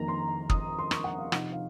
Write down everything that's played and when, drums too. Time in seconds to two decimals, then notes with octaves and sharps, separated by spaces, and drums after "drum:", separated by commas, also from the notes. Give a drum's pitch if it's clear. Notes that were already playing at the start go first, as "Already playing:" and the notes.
Already playing: F2 D#3 A#3 A#5
0.08 C6
0.50 D#6, drum: kick
0.79 C6
0.91 C#6, drum: rim click
1.04 F#5
1.18 F5
1.32 C3 F3 C4 D#4 F#5, drum: rim click
1.53 F5